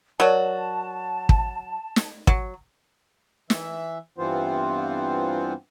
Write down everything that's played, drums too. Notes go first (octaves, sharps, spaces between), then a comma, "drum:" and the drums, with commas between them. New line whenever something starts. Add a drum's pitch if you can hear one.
F#3 F#4 A#4 C#5 D5 A5
drum: kick
drum: snare
F#3, drum: kick
E3 E5, drum: snare
G2 E3 B3 C4 F4 C5